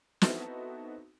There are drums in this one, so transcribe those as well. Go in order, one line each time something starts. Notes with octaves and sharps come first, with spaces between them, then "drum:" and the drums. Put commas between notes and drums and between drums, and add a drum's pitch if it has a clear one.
B3 C4 D#4 E4 F#4 A4, drum: snare